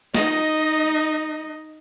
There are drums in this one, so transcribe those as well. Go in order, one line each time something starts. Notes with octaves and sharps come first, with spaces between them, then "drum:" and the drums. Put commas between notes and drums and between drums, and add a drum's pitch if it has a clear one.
D#4 D#5, drum: snare